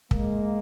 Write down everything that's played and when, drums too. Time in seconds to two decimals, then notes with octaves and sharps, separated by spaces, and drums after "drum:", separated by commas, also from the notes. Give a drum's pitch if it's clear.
0.11 G#3 A#3, drum: kick